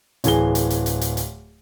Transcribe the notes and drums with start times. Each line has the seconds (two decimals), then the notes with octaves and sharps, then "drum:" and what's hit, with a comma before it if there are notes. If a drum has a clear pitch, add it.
0.24 D1 E3 G#4 G7, drum: hi-hat
0.55 drum: hi-hat
0.70 drum: hi-hat
0.86 drum: hi-hat
1.01 drum: hi-hat
1.17 drum: hi-hat